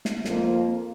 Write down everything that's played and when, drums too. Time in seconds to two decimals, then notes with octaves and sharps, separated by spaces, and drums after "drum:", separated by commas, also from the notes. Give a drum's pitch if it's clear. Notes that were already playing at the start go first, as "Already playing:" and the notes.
0.05 drum: snare
0.25 F2 F3 A#3, drum: snare